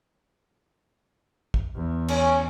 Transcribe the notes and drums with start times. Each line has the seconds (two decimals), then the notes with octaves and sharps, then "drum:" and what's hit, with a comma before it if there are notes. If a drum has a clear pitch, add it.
1.54 drum: kick
1.76 E2
2.08 C#4, drum: cymbal